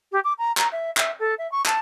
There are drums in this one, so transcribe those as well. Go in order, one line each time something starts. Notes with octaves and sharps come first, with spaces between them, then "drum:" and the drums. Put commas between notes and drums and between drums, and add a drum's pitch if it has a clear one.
G4
D6
A#5
A#5, drum: clap
E5
E5, drum: clap
A4
E5
C#6
A5, drum: clap